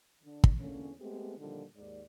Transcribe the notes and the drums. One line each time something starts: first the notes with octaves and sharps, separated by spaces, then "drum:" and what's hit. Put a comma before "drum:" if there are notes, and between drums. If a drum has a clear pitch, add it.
D3
drum: kick
E2 D3 A#3 C#4
G#3 A3 B3 C4 G4
A#2 D3 D#3 F3 G3
D#2 G#2 D5